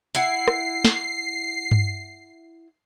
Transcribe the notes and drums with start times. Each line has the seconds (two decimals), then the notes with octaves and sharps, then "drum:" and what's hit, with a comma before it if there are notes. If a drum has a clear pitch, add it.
0.15 E4 F#5 C7, drum: hi-hat
0.48 drum: rim click
0.85 drum: snare
1.71 drum: tom G2